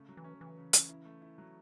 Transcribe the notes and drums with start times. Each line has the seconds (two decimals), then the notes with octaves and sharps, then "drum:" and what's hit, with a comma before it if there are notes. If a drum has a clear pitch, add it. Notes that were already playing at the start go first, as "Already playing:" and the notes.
Already playing: C#3 A3
0.09 F#3
0.17 E3
0.24 C#4
0.40 C#3 E3
0.58 C#3
0.73 C#3, drum: hi-hat
0.89 E4
1.05 A3
1.22 E4
1.38 F#3